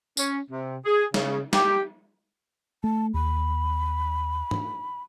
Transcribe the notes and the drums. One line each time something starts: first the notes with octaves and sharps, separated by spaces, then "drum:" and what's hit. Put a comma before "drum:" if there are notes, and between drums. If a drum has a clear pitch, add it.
C#4, drum: tambourine
C3
G#4
C#3, drum: snare
G4, drum: snare
A3 A5
D#2 B5
drum: tom G#2